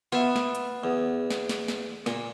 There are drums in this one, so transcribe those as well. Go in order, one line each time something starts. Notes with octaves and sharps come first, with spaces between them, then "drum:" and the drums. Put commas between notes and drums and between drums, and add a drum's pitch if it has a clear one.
B3 F4 E5
drum: snare
drum: hi-hat
E2
drum: snare
drum: snare
drum: snare
A#2, drum: snare